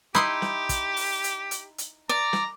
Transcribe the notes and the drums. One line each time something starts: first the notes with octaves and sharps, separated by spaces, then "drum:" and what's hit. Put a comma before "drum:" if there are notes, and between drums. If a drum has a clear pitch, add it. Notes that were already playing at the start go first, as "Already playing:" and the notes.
D#4 E4 G4 B5 C6 D#6, drum: snare
drum: snare
drum: kick, hi-hat
drum: open hi-hat
drum: hi-hat
drum: hi-hat
drum: hi-hat
D5 A#5
drum: snare